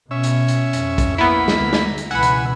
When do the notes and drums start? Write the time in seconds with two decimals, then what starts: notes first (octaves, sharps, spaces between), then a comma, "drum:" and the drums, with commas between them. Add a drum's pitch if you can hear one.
0.11 B2 C#4 E5
0.23 drum: hi-hat
0.48 drum: hi-hat
0.73 F2, drum: hi-hat
0.98 drum: kick, hi-hat
1.18 A#3 B3 E4 B5
1.48 drum: snare
1.57 D2
1.73 drum: snare
1.98 drum: hi-hat
2.11 C#2 B2 E3 F#5 G#5 B5 E6
2.23 drum: hi-hat